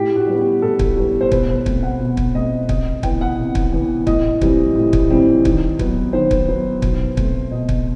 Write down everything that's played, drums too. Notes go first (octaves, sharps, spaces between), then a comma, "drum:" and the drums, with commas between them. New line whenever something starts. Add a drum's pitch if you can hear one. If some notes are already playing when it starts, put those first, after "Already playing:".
Already playing: A2 G4
F#4
G3 B3
G4
A2 A4
drum: kick
G3 B3
C5
B2 B4, drum: kick
C5
A3 C4, drum: kick
F#5
B2
drum: kick
A3 C4 D#5
C3 D#5, drum: kick
E3 B3 G5, drum: kick
F#5
C3
drum: kick
E3 B3
A2 D#5, drum: kick
E3 G3 C4, drum: kick
A2
drum: kick
E3 G3 C4
D#3, drum: kick
F#3 B3, drum: kick
D#3 C5
drum: kick
F#3 B3
B2, drum: kick
A3 C4, drum: kick
B2 D#5
drum: kick